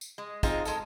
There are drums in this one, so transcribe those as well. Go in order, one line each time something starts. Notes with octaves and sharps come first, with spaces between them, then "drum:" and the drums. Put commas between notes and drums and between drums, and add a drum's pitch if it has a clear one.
drum: tambourine
G#3
G#3 C4 D#4 F4 G#4, drum: kick, tambourine
G#3 A4, drum: tambourine